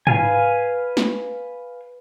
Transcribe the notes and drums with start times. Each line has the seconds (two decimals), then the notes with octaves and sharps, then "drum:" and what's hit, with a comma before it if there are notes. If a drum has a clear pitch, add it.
0.07 B4 F5 G#5, drum: tom G#2
0.97 drum: snare